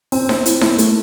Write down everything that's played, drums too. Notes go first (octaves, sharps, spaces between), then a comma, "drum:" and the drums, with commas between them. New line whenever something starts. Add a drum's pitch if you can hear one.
C4, drum: open hi-hat
C4, drum: snare D#4
E4, drum: hi-hat
E4, drum: snare D#4
A3, drum: hi-hat